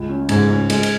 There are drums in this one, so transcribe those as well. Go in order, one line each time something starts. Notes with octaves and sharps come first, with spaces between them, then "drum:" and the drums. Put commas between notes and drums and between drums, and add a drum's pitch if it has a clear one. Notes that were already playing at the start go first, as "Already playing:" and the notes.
Already playing: C#2
C#4
G#2 C#3, drum: cymbal
C#4
G#3, drum: cymbal
drum: cymbal